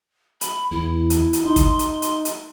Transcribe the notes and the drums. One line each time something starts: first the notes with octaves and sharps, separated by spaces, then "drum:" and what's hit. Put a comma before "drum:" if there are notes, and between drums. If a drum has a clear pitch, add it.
B5, drum: hi-hat
E2 E4
drum: hi-hat
drum: hi-hat
D#4 C6
drum: kick, hi-hat
drum: hi-hat
drum: hi-hat
drum: hi-hat